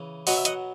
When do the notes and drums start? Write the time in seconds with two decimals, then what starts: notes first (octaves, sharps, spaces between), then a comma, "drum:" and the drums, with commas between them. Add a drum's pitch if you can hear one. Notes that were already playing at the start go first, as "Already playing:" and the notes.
Already playing: C#3 E3
0.27 B2 F#3 D#5 F#5, drum: open hi-hat
0.37 E5
0.45 D#5 F#5, drum: hi-hat